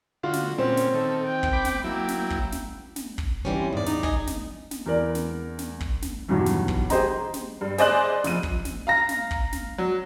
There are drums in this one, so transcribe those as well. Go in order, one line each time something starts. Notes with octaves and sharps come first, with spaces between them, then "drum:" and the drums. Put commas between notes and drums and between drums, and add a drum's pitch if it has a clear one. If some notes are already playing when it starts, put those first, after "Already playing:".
D3 F4 F#4
drum: snare
A#2 C4 C#4
drum: snare
D#3 A4
G5
drum: kick
B5 D6
drum: snare
F#3 A#3 E4 G5
drum: snare
drum: kick
drum: snare
drum: snare
drum: kick
G#2 E3 G3 C#4
C4
E2 G#2 D5
D#4, drum: snare
D#5 G#5, drum: kick
drum: snare
drum: snare
E2 A#4 D5
drum: snare
drum: snare
drum: kick
drum: snare
E2 G2 B2 D#3 F#3
drum: snare
drum: kick
G4 G#4 C5 D#5 A#5, drum: snare
drum: snare
G2
G#4 C5 D5 D#5 F#6 F#7, drum: snare
F1 F3 D#7, drum: snare
drum: kick
drum: snare
F5 A#5 A#6
drum: snare
drum: kick
drum: snare
F#3